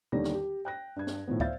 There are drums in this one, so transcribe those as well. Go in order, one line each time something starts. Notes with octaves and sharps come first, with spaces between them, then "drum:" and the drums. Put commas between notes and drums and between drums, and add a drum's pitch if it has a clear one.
D#2 D3 D#3 G3 C#4 A#6
drum: snare
G4
G5 F#6 A#6
G2 G#6
drum: snare
A2 D#3 F3 B3
C5 D5 E5 F5 G6 A6, drum: kick